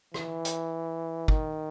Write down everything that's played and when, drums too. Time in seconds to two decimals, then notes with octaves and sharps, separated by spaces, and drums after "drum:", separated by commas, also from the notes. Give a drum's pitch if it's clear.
0.14 E3, drum: rim click
0.45 drum: hi-hat
1.28 D#3, drum: kick